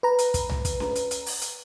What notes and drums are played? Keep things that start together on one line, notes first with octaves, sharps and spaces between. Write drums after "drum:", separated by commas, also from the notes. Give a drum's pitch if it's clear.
B4 A#5
drum: hi-hat
drum: kick, hi-hat
drum: tom C2
drum: kick, hi-hat
drum: snare C#4
drum: hi-hat
drum: hi-hat
drum: open hi-hat
drum: hi-hat